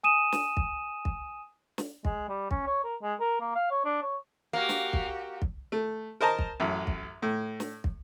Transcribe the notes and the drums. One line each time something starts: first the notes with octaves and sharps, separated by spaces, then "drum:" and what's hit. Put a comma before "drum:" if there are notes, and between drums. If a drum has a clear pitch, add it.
G#5 D#6 D#7 E7
drum: snare
drum: kick
drum: kick
drum: snare
G#3, drum: kick
G3
C#4, drum: kick
C#5
A#4
G#3
A#4
A#3
F5
C#5
D4
C#5
A#3 F#4 G4
drum: snare
drum: kick
drum: kick
A3
A#4 C5 D#5 A5 A#5
drum: kick
A1 F#2
drum: kick
A2
drum: snare
drum: kick